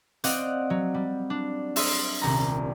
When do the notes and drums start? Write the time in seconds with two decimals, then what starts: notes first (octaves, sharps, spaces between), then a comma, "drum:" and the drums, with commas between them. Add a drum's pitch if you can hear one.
0.24 C4 D5 D#5 F5 F#5, drum: hi-hat
0.70 F#3
0.94 G3
1.30 D4
1.76 E5 C6 D#6 F6, drum: open hi-hat
2.22 D#1 C2 A#5